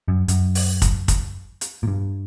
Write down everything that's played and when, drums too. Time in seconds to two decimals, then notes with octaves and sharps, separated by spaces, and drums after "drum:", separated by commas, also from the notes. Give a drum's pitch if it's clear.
0.08 F#2
0.28 F#2, drum: hi-hat
0.55 drum: open hi-hat
0.82 drum: kick, hi-hat
1.08 drum: kick, hi-hat
1.61 drum: hi-hat
1.83 A#2
1.88 G2